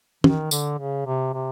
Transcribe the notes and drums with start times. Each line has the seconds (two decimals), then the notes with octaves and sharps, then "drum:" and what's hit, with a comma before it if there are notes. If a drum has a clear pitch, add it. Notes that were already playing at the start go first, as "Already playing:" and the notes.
0.24 D#3, drum: tom
0.51 D3, drum: tambourine
0.78 C#3
1.06 C3
1.34 C3